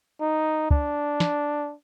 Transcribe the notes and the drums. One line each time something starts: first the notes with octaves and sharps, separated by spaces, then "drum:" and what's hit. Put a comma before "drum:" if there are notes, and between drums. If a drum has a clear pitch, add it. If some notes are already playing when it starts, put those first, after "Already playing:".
D#4
D4, drum: kick
drum: snare